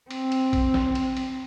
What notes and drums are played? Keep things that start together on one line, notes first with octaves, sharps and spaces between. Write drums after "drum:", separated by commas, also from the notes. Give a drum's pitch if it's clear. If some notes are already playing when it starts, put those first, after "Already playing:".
C4, drum: cymbal
drum: cymbal
drum: kick, cymbal
drum: snare
drum: cymbal
drum: cymbal